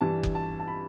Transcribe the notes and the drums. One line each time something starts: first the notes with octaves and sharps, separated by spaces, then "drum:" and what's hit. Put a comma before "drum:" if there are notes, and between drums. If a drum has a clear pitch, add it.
G2 E3 G3 A5
drum: kick F#1
A5
A5
B5